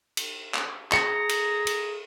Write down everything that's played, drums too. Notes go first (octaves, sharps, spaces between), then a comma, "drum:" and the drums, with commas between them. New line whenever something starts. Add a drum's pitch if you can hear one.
drum: cymbal
drum: clap
G#4 A#5 C#7, drum: clap
drum: cymbal
drum: cymbal